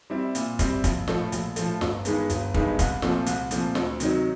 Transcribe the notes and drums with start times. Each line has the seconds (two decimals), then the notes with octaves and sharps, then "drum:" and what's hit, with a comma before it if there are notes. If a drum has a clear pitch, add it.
0.10 G3 C4 E4
0.35 A#2, drum: hi-hat
0.59 G3 C4 E4, drum: kick, hi-hat
0.84 A#1, drum: kick, hi-hat
1.08 A2 F3 A3, drum: snare
1.32 A#1, drum: hi-hat
1.56 A2 F3 A3, drum: hi-hat
1.81 G1, drum: snare
2.05 G2 D#3 G#3 B3, drum: hi-hat
2.30 G1, drum: hi-hat
2.54 G2 D#3 G#3 B3, drum: kick
2.79 C2, drum: kick, hi-hat
3.02 A#2 F3 A3 C4, drum: snare
3.26 C2, drum: hi-hat
3.51 A#2 F3 A3 C4, drum: hi-hat
3.75 D2, drum: snare
4.00 C3 D#3 F#3, drum: hi-hat